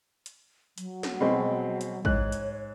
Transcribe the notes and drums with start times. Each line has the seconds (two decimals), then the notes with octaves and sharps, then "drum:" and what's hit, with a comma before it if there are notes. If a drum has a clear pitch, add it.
0.26 drum: hi-hat
0.78 F#3, drum: hi-hat
1.03 drum: snare
1.20 B2 G#3 C4
1.81 drum: hi-hat
2.05 G#2 C#5 F#6, drum: kick
2.32 drum: hi-hat